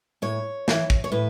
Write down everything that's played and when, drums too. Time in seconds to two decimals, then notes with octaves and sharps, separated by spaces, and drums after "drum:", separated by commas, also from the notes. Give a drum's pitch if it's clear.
0.22 A2 C#5
0.68 E3, drum: snare
0.90 drum: kick
1.04 C#5
1.12 A2 B4